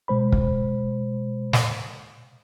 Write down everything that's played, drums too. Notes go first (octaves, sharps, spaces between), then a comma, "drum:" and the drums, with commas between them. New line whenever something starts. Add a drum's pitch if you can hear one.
B2 G#3 C5 B5
drum: kick
drum: snare